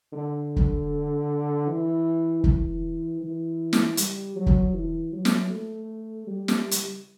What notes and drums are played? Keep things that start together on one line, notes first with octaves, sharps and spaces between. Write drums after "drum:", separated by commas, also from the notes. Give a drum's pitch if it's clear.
D3
drum: kick
E3
E3, drum: kick
E3
drum: snare
G3, drum: hi-hat
F#3
drum: kick
E3
F#3
drum: snare
A3
G3
drum: snare
drum: hi-hat